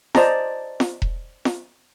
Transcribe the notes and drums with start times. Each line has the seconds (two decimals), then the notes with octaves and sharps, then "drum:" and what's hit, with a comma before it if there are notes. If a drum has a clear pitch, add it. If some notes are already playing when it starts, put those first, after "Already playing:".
0.15 C5 D5 D#5 A5 A#5, drum: snare F4
0.80 drum: snare F4
1.02 drum: kick E1
1.45 drum: snare F4